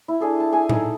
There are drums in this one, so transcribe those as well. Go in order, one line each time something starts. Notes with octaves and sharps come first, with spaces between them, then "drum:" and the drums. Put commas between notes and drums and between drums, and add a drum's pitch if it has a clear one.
E4
D4 G#4 A4
A5
G#4 G#5
D#4 A4, drum: tom A2